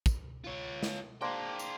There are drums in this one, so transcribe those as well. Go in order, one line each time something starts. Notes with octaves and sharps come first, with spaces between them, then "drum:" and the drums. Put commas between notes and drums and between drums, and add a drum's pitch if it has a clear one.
drum: kick, tambourine
F4 C#5
drum: snare
A#3 D4 G#4 C5 G5
drum: tambourine